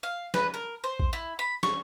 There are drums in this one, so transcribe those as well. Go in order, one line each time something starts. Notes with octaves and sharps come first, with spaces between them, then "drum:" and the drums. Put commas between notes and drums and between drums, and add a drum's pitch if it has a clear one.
F5
B4, drum: snare
A#4
C5
drum: kick A#1
E4
B5
C#6, drum: snare